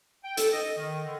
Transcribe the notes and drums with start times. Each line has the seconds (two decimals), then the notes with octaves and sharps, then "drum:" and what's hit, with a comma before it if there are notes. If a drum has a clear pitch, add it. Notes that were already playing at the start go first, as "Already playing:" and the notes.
0.24 G5
0.37 A4, drum: hi-hat
0.53 D#5
0.77 D#3
1.05 D3